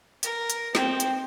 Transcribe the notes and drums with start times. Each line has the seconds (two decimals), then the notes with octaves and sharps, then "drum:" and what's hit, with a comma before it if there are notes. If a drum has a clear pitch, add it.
0.23 A#4, drum: hi-hat
0.50 drum: hi-hat
0.75 C4, drum: snare
1.00 drum: hi-hat